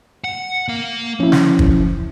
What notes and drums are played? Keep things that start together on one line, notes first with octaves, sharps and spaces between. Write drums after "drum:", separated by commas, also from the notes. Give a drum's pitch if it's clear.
F#5
A#3 F5
F3 C#4 E4
drum: snare
drum: kick